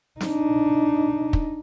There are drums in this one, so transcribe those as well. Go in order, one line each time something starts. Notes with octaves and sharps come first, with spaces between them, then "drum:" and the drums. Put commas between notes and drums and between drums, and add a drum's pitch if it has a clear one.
D4 D#4, drum: snare
drum: kick